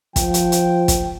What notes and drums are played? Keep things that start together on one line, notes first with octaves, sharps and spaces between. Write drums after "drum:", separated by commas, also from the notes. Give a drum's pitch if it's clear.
F3 G5, drum: kick, hi-hat
drum: hi-hat
drum: hi-hat
drum: kick, hi-hat